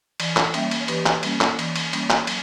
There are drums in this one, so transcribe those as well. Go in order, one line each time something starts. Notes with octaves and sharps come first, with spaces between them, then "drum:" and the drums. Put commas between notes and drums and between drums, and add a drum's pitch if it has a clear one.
E3, drum: cymbal
drum: clap
G3 A#3 C#4 E5 G5, drum: cymbal
drum: cymbal
C#5
E3 G4 B4, drum: cymbal
drum: clap
G3 A#3 C#4, drum: cymbal
drum: clap
E3, drum: cymbal
drum: cymbal
G3 A#3 C#4, drum: cymbal
drum: clap
F#3, drum: cymbal